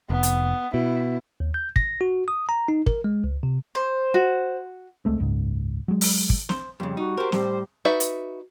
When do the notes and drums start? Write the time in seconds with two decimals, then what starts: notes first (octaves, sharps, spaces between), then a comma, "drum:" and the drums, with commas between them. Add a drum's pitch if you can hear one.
0.10 F1 B3
0.23 drum: hi-hat
0.74 B2 E4
1.40 D#2
1.54 G6
1.76 A#6, drum: kick
2.01 F#4
2.28 D#6
2.49 A#5
2.68 D#4
2.86 A#4, drum: kick
3.04 G#3
3.24 C#2
3.43 C3
3.75 C5
4.14 F#4
5.05 C#2 G#3 A3 C4
5.18 F#1 C#2 G#2
5.88 F#3 G#3
6.01 drum: open hi-hat
6.30 drum: kick
6.49 C5, drum: snare
6.80 F2 C#3 G3
6.97 D#4 F#4
7.17 G4 A#4 C5
7.32 A2 G3, drum: snare
7.85 D#4 F#4 B4 D5 E5
8.00 drum: hi-hat